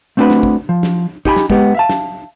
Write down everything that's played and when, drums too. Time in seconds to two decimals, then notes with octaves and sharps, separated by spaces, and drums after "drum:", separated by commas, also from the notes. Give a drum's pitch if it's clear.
0.17 A3 C4 D4 F#4 B4
0.30 drum: snare
0.43 drum: kick
0.69 F3
0.83 drum: snare
1.25 D#4 G4 G#5 B5, drum: kick
1.36 drum: snare
1.50 G#3 B3 G4, drum: kick
1.75 E5 F5 A5
1.89 drum: snare